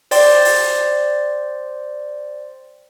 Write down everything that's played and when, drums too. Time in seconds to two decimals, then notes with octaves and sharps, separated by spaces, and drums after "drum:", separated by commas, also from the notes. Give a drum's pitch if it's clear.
0.11 C5 D5 G5 C6 A6, drum: open hi-hat
0.45 drum: open hi-hat